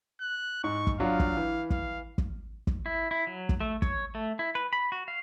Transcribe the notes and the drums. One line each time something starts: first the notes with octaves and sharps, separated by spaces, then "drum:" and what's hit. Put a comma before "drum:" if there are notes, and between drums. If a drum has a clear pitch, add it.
F#6
G#2 C#6
drum: kick
F#3 D4 F4 F5
drum: kick
E3
F5, drum: kick
drum: kick
drum: kick
E4
E4
F#3
drum: kick
A3
C#5, drum: kick
A3
E4
B4
B5
F#4
F5